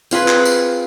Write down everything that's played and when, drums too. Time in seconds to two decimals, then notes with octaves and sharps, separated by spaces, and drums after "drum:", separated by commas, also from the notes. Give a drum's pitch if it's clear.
0.11 C4 F4 G#4 B4, drum: tambourine
0.28 drum: clap
0.45 drum: tambourine